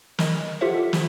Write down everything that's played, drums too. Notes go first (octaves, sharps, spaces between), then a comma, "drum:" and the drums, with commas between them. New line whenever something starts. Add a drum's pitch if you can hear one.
A#4 D#5, drum: snare
F4 G4 A4 C5 E5 F#5
drum: snare